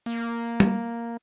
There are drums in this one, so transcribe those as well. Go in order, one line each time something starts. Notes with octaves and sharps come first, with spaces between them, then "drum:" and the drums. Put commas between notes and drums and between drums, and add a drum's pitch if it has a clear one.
A#3
drum: tom